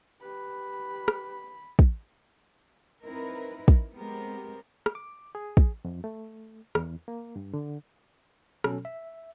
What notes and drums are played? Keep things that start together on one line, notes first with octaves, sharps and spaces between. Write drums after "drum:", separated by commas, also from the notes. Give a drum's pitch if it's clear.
G4 B4 B5
drum: rim click
drum: kick
C4 D#4 E4 A#4 B4
drum: kick
G#3 B3 C4 G4 A#4
drum: rim click
D6
G#4
drum: kick
F2
A3
E2, drum: rim click
A#3
G2
D3
B2 F#3 C#4 A4, drum: rim click
E5